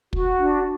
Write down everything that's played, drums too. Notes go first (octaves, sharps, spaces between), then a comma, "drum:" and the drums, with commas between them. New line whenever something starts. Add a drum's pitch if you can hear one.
F#4, drum: kick
D4